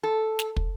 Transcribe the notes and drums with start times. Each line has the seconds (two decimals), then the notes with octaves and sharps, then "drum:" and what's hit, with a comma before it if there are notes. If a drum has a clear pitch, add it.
0.03 A4
0.39 drum: snare
0.56 drum: kick